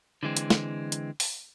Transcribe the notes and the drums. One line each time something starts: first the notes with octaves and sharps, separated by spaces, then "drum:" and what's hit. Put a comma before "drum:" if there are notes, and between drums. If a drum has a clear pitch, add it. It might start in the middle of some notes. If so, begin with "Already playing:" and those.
D3 E3 G#3 C4
drum: hi-hat
drum: snare
drum: hi-hat
drum: open hi-hat